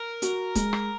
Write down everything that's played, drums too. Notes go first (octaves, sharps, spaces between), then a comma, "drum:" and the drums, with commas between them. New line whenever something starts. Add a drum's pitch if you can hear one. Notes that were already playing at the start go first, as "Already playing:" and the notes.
Already playing: A#4
F#4, drum: hi-hat
G#3, drum: kick C#1, hi-hat
drum: rim click